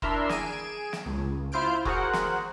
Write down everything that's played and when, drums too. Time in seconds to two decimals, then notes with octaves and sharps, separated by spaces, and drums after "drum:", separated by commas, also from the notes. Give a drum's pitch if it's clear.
0.02 D4 E4 A#4 E5 A#5 C6, drum: kick F1
0.29 G#4 G#5 D7 E7, drum: snare
0.93 drum: snare
1.06 C#2
1.52 E4 F4 C5 F6 G6 D7
1.85 F#4 G#4 A#4 C5 F#5, drum: kick F1
2.13 drum: snare